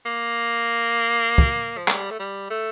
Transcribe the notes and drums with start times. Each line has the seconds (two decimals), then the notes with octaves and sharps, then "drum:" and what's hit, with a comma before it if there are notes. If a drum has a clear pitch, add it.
0.06 A#3
1.38 drum: kick
1.77 F3
1.88 G3, drum: clap
2.11 A3
2.20 G3
2.50 A3